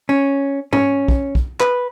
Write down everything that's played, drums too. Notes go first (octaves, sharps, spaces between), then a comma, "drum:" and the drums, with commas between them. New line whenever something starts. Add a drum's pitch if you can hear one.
C#4
C#4, drum: tom G#2
drum: kick
drum: kick
B4, drum: clap